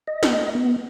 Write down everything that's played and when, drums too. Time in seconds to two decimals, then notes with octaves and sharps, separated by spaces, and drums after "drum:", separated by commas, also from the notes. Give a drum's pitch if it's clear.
0.07 D#5
0.23 drum: snare
0.55 B3